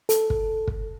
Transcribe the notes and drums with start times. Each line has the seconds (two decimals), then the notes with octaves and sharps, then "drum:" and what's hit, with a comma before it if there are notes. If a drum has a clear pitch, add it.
0.09 A4, drum: hi-hat
0.30 drum: kick
0.67 drum: kick